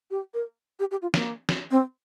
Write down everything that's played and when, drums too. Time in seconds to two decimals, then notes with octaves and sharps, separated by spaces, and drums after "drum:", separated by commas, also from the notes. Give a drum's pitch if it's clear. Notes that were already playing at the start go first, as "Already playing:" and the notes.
0.11 G4
0.34 A#4
0.79 G4
0.91 G4
1.02 F4
1.14 A#3, drum: snare
1.49 drum: snare
1.71 C4